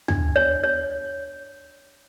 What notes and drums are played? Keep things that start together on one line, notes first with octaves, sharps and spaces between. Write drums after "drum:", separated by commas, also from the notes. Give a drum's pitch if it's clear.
D4, drum: tom
C#5
C#5